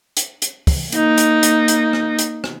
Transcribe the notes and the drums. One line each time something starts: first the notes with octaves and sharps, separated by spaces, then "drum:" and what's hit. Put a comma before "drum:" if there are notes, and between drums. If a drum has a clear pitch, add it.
drum: hi-hat
drum: hi-hat
drum: kick, open hi-hat
A#3 D#4, drum: hi-hat
drum: hi-hat
drum: hi-hat
drum: hi-hat
drum: rim click
drum: hi-hat
drum: rim click